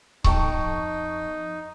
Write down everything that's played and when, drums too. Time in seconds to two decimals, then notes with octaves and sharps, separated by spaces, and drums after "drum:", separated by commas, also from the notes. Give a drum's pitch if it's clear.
0.24 F2 D#4 G5 A5 C#6, drum: kick C#1